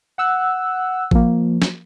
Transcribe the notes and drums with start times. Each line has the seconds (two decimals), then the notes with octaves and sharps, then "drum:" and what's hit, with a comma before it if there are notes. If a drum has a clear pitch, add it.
0.18 F#5 E6 F#6
1.11 F3 A#3, drum: kick G#1
1.62 drum: snare